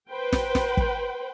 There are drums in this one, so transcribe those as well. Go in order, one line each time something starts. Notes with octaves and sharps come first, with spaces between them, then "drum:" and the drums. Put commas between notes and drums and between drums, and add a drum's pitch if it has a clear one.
B4 C5 G5
drum: snare
drum: snare
drum: kick